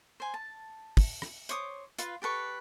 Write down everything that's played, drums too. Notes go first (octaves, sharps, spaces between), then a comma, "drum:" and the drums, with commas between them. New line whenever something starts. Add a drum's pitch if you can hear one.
C5 G#5
A5
drum: kick, open hi-hat
drum: rim click
C5 C#5 D6 D#6, drum: hi-hat
F4 B4 F5, drum: hi-hat
G4 A4 B4 C#6